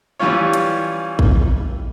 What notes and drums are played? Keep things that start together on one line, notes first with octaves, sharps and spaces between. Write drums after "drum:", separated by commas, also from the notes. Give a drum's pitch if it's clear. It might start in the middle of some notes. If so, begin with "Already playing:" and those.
E3 G3 C#4 F4 C#5
drum: hi-hat
drum: kick A1